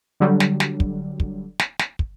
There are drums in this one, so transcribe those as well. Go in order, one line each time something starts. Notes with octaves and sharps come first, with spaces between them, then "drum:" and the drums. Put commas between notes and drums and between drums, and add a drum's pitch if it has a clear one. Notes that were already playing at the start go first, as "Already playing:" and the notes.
D3 F#3 G3
drum: snare
drum: snare
drum: kick
drum: kick
drum: snare
drum: snare
drum: kick